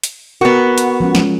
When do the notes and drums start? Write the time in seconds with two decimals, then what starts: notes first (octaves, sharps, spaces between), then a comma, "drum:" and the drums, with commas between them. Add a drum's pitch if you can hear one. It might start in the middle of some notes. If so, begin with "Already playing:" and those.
0.04 drum: hi-hat
0.41 B3 F#4 A#4
0.78 drum: hi-hat
1.00 F3 G#3 C#4
1.15 G#3 C#4, drum: snare